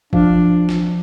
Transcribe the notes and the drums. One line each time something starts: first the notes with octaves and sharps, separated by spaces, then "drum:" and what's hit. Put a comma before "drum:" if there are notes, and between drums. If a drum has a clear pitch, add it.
F3 D4 F5, drum: kick G#1
drum: snare